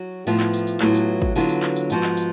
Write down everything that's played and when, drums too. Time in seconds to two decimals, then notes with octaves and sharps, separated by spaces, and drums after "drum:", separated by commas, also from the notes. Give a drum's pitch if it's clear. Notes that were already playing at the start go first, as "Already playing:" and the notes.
Already playing: F#3 F#4
0.27 A2 F3 B3 F4, drum: tambourine
0.40 drum: clap
0.54 drum: tambourine
0.67 drum: tambourine
0.80 A2 F#3 B3 F4, drum: clap
0.94 drum: tambourine
1.22 drum: kick
1.36 D3 F#3 B3 F4, drum: tambourine
1.49 drum: tambourine
1.63 drum: clap
1.76 drum: tambourine
1.90 G#2 F3 B3 F#4, drum: tambourine
2.03 drum: clap
2.17 drum: tambourine